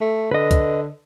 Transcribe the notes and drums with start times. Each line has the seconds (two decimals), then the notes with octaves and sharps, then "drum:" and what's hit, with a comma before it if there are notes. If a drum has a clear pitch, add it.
0.01 A3
0.31 D3 B4 D#5
0.51 drum: kick C2, hi-hat